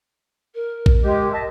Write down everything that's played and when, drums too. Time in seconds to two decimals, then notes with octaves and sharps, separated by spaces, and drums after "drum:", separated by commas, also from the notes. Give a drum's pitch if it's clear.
0.54 A#4
0.86 drum: kick A#1
1.04 G#3 G4
1.32 D#5 E5 A5